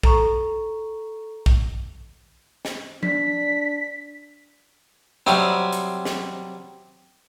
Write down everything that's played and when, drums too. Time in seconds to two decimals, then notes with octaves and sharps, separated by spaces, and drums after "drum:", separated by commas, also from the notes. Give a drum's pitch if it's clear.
0.03 A4 A#5 C#6, drum: kick A#1
1.46 drum: kick A#1
2.65 drum: snare
3.03 D4 B6, drum: tom F3
5.26 C3 F#3 G3 C4, drum: snare
5.73 drum: hi-hat
6.05 drum: snare